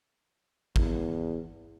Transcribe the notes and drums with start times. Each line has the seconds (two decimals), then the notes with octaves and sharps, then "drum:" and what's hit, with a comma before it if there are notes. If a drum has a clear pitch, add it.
0.76 E2, drum: kick G#1